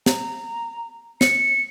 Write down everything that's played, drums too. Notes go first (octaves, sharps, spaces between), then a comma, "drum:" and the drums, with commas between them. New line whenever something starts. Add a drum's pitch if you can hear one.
A#5, drum: snare
C#7, drum: snare